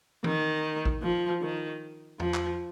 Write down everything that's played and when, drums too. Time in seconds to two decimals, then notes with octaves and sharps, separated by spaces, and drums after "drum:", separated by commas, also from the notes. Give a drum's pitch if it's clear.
0.24 D#3, drum: tom E3
0.85 drum: kick
1.02 F3
1.41 D#3
2.20 F3, drum: tom
2.34 drum: clap